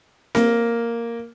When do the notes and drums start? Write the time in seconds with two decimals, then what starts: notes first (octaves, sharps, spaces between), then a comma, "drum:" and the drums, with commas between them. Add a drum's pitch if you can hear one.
0.35 A#3, drum: snare C4